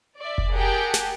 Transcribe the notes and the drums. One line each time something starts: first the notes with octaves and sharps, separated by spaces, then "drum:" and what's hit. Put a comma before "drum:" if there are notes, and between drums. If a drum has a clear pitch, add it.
D5 E5
drum: kick F1
G4 G#4 A#4 F#5 G5 A5
drum: snare